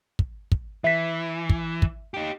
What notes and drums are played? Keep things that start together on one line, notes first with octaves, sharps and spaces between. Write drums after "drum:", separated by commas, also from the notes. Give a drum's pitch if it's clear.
drum: kick
drum: kick
E3 E5 B6
drum: kick
drum: kick
D#4 G4